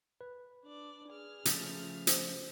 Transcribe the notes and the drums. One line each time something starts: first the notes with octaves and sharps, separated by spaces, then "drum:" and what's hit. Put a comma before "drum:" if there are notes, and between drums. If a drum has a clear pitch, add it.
B4
D4 D5
G#4 F6
C#3 F3 A3, drum: hi-hat
C5, drum: hi-hat